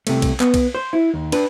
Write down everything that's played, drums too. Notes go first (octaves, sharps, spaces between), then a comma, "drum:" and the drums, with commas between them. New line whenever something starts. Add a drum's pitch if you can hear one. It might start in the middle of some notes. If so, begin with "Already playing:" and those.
C2 C3 A3, drum: cymbal
drum: kick B1, cymbal
B3, drum: clap
drum: kick B1, cymbal
C5
E4
D#2
D4 B4, drum: cymbal